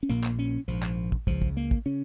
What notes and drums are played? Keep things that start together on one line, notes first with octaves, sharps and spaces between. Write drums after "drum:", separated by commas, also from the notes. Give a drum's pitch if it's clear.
C#4
A#1 A#2 A#3
drum: clap
C#4
A#1 G#2 F3
drum: clap
drum: kick
C#2 C#3 F3, drum: kick
drum: kick
A#3
drum: kick
C#3 C#4